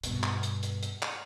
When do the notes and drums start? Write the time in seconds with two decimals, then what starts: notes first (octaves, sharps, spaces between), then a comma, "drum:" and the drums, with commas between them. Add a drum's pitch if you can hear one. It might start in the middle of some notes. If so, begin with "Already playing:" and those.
0.03 G2 B2, drum: hi-hat
0.23 drum: clap
0.43 drum: hi-hat
0.63 drum: hi-hat
0.83 drum: hi-hat
1.02 drum: clap